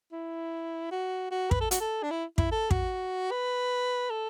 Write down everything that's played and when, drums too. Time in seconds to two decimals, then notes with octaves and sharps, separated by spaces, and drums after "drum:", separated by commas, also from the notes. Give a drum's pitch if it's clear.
0.12 E4
0.91 F#4
1.31 F#4
1.51 B4, drum: kick
1.61 A4
1.71 F#4, drum: hi-hat
1.80 A4
2.03 D4
2.11 E4
2.38 E4, drum: kick
2.52 A4
2.71 F#4, drum: kick
3.31 B4
4.10 A4